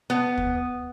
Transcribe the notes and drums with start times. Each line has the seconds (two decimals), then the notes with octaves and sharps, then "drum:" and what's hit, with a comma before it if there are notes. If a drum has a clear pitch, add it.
0.10 B3
0.37 drum: kick